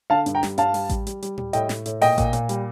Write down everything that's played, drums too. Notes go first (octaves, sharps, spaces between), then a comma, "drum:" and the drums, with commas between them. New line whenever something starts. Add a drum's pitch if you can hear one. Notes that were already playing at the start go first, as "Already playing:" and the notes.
D3 F5 A5
G2, drum: hi-hat
G5 A#5
G3, drum: snare
G2 F5 A5, drum: hi-hat
G3, drum: open hi-hat
G3, drum: kick A1, hi-hat
G3, drum: hi-hat
G3, drum: hi-hat
G3, drum: tom A2
A2 D#5 G5, drum: hi-hat
A2, drum: snare
A2, drum: hi-hat
A#2 D#5 G5, drum: open hi-hat
A#2, drum: kick A1, hi-hat
A#2, drum: hi-hat
G3, drum: hi-hat